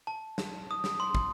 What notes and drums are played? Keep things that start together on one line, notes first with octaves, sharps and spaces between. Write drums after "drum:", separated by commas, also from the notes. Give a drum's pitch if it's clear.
A5
drum: snare
D#6
drum: snare
C6
drum: kick